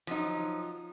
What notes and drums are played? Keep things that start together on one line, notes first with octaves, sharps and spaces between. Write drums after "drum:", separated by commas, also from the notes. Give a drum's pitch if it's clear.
F3 F#3 D#4, drum: hi-hat